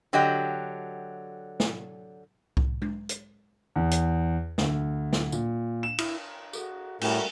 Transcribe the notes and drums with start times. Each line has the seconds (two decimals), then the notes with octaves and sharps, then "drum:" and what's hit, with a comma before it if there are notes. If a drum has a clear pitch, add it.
0.13 D3 F#3 F#4 G4 D#5 G5
1.60 drum: snare
2.57 drum: kick C2
2.82 drum: tom G#3
3.09 drum: hi-hat
3.76 E2
3.91 drum: hi-hat
4.58 D2, drum: snare
5.13 drum: snare
5.32 A#2, drum: tambourine
5.83 E7
5.98 E4, drum: cymbal
6.53 F#4 G#4 A4, drum: tambourine
7.01 A2 G3 A3 C#4 F#4 G4 A#4 G#5, drum: cymbal